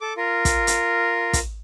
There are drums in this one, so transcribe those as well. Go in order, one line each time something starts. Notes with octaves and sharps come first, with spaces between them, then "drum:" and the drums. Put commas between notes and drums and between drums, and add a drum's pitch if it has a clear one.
A4 D6
F4 A#4
drum: kick, hi-hat
drum: hi-hat
drum: kick, hi-hat